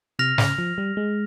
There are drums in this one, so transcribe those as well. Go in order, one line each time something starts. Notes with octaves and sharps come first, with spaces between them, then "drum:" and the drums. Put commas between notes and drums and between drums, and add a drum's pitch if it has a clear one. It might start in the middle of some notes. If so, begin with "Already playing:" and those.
C3 F6 A#6 F7
C#3, drum: snare
F3
G3
G#3